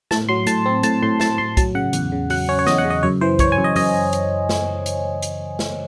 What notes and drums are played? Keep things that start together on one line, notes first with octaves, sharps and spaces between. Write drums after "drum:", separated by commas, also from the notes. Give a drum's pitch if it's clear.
A2 A5, drum: snare
F#3 C6
A2 A5, drum: hi-hat
C4
A2 A5, drum: hi-hat
A2 C6
A2 A5, drum: snare
A2 C6
F#3 A5, drum: kick, hi-hat
C#3 F#5
E2, drum: hi-hat
C#3
F#3 F#5, drum: open hi-hat
C#4 C#5
C#5
E2 D#5, drum: snare
F#5
C#3
D#5
F#2 C#5
E3 C5
E3 C#5, drum: kick, hi-hat
G#5
F#2
D#5
F#2 D#5, drum: open hi-hat
drum: hi-hat
drum: snare
drum: hi-hat
drum: hi-hat
drum: snare